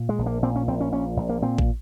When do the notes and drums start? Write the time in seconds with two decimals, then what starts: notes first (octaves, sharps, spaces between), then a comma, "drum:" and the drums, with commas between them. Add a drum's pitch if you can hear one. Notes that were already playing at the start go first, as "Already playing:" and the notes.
Already playing: A#2
0.09 G#3
0.19 A#1
0.26 A#3
0.42 A#2 C4
0.56 C#4
0.68 A#1 C4
0.81 C#4
0.92 A#2 C#4
1.17 A#1
1.29 A#3
1.42 A#2 C4
1.58 drum: kick A1